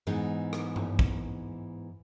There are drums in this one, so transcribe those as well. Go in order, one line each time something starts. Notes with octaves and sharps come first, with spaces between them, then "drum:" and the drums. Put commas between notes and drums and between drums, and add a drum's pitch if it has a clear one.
G#2 E3 B3 D#4
drum: rim click
drum: tom G2
drum: kick